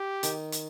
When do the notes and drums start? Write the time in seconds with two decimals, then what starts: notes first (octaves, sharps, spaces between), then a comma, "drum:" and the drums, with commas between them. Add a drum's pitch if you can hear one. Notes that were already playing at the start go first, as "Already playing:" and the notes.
Already playing: G4
0.23 D#3, drum: hi-hat
0.52 drum: hi-hat